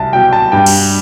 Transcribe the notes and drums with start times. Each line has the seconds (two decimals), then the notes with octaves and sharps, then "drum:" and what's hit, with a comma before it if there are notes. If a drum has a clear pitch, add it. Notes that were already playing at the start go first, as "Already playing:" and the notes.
Already playing: C2 A5
0.12 B2 F#3 G5
0.33 A5
0.52 G2 G5
0.66 drum: cymbal